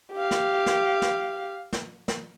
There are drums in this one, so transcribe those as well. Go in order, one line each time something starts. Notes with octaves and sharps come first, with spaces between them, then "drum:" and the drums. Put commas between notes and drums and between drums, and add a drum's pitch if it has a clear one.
G4 F5
drum: snare
drum: snare
drum: snare
drum: snare
drum: snare